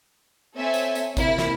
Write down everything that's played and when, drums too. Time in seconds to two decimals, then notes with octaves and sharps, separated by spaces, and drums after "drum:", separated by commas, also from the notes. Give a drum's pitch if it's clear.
0.56 C4 A4 C#5 E5 G#5
0.74 drum: tambourine
0.95 drum: tambourine
1.17 C3 A#3 E4, drum: kick G#1, tambourine
1.38 drum: snare